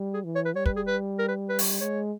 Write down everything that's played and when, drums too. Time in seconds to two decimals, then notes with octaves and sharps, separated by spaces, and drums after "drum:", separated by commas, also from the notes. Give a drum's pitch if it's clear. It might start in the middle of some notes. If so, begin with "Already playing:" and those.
Already playing: G3
0.14 G#4
0.24 E3
0.35 C#5
0.45 B4
0.55 G3 C#5
0.66 B4, drum: kick
0.76 G#4
0.87 B4
1.19 A#4
1.28 B4
1.49 B4
1.59 drum: open hi-hat
1.80 G#3 C#5